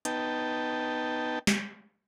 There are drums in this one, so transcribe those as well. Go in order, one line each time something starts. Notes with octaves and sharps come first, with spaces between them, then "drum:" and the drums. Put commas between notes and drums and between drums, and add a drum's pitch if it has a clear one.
B3 D#4 G5 A5, drum: hi-hat
drum: snare